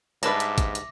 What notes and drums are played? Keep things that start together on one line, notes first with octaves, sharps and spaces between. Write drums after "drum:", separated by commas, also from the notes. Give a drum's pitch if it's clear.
G#2 G3 D4 B4 E5 A5 D6 A#6, drum: hi-hat
drum: hi-hat
drum: kick, hi-hat
drum: hi-hat